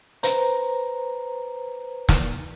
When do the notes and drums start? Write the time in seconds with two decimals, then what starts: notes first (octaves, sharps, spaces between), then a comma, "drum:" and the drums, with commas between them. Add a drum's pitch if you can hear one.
0.23 B4 C5 A#5, drum: hi-hat
2.09 drum: snare